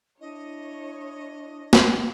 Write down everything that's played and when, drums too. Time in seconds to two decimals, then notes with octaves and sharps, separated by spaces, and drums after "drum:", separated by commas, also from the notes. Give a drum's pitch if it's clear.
0.20 D4 E4 C#5 D#5
1.73 drum: snare